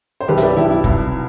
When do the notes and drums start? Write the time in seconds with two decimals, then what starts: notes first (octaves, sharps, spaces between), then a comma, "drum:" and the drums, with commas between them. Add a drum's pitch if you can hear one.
0.21 C5
0.28 B1 G4 B4
0.37 E5, drum: hi-hat
0.42 B4 D5
0.56 B1 E4 G4
0.70 E4
0.84 C2, drum: kick